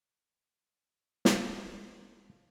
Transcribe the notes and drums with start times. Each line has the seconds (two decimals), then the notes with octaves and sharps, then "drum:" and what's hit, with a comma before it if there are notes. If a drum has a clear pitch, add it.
1.25 F4 A4, drum: snare